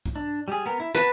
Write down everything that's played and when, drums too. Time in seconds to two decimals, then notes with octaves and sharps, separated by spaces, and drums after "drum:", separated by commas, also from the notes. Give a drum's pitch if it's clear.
0.06 drum: kick
0.16 D4
0.48 G3 G#4
0.66 B3 A#4
0.80 E4
0.95 B4 F#5 A5, drum: snare